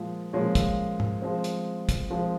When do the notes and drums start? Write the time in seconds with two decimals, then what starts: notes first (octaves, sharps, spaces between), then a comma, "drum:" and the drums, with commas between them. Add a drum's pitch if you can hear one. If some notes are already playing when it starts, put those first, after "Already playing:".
Already playing: A#2 F3 G#3
0.33 A#2 F3 G#3 C#4
0.55 drum: kick, hi-hat
1.00 drum: tom
1.22 F3 G#3 C4
1.44 drum: hi-hat
1.89 drum: kick, hi-hat
2.10 F3 G#3 C4